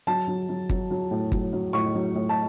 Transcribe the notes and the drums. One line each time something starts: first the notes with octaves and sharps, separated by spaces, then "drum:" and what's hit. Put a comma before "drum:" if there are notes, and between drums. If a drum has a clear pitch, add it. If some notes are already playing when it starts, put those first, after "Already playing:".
F#3 A5
F#3
F#3
F#3, drum: kick G1
F#3
A2
F#3, drum: kick G1
F#3
A2 C#6
F#3
A2
A5